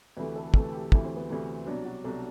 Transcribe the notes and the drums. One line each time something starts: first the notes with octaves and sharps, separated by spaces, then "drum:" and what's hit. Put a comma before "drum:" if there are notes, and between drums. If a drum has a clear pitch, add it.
D2 C3 E3 A3 B4
A4
D2 C3 E3 A3 A4, drum: kick
G4
D2 C3 E3 A3 E4, drum: kick
C4
B3
D2 C3 E3 A3
C2 B2 F#3 D4
F#4
C2 B2 F#3 A4